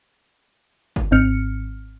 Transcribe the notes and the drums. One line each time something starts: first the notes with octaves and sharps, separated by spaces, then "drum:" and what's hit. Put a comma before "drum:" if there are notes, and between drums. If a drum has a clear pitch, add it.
drum: kick
G#1 G#2 C4 F6 C#7